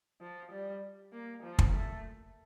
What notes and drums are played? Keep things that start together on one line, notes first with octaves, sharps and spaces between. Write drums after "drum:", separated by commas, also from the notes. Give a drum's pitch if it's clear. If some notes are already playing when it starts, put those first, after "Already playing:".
F3
G3
A#3
F3
drum: kick
A3